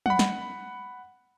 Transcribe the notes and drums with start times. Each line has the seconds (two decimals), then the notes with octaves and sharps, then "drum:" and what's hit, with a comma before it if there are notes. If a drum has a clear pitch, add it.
0.06 F#5 B5, drum: tom
0.19 drum: snare